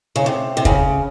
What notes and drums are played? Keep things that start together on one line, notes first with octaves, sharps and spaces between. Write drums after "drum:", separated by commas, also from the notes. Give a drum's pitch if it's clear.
C#3
C3
C3
C#3, drum: kick